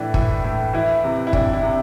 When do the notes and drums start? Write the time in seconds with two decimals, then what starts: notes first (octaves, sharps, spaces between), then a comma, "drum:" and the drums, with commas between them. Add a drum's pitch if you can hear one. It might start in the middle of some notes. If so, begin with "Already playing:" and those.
Already playing: A2 E3 D4
0.14 E3, drum: kick
0.45 A2
0.74 E3 E4
1.04 C3
1.27 E4
1.33 E3 D4, drum: kick
1.53 E4
1.63 C3